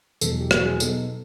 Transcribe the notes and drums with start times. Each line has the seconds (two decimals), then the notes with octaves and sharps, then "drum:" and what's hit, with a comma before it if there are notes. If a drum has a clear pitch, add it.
0.21 E2 B2 F#3 A4, drum: tambourine
0.31 G#4
0.41 G4
0.51 E2 B2 F#3 F#4, drum: rim click
0.65 G#4
0.80 B2 F#3 B3 D#4 A4, drum: tambourine